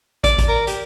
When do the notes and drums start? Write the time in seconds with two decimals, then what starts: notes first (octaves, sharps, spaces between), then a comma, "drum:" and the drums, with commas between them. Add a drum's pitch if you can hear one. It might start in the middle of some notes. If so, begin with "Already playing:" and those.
0.24 D5, drum: kick, hi-hat
0.38 drum: kick, hi-hat
0.49 A#4
0.67 G4, drum: hi-hat